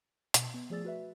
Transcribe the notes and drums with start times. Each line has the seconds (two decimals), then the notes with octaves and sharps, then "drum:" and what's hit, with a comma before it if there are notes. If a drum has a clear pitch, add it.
0.34 B2, drum: hi-hat
0.54 B3
0.70 F3 A3 G#4 D5 E6 A6
0.84 F#4 B4 E5